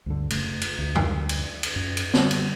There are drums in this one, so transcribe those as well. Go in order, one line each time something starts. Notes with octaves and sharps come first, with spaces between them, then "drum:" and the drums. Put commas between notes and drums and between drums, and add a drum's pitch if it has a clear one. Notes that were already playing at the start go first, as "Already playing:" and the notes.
D2 G2 D3
F1 F#2 C#3 A3, drum: cymbal
drum: cymbal
D2
drum: tom F2
drum: cymbal
drum: cymbal
F#2
drum: cymbal
D3 G3, drum: snare
drum: cymbal